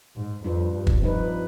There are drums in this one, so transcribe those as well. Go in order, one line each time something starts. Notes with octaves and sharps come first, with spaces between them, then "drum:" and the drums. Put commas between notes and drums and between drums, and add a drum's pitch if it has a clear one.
G#2
F2 G3 D4 F4 B4
G2
drum: kick
G2 F3 C4 D#4 B4